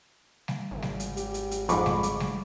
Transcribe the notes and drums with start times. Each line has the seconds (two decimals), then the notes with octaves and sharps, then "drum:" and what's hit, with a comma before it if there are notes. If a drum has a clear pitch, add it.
0.48 drum: snare G3
0.71 G#1
0.82 drum: snare G3
1.00 drum: hi-hat
1.17 G4, drum: hi-hat
1.34 drum: hi-hat
1.51 drum: hi-hat
1.69 F2 G#2 G#3 B5 C#6 D6, drum: hi-hat
1.86 drum: snare G3
2.03 drum: hi-hat
2.20 drum: snare G3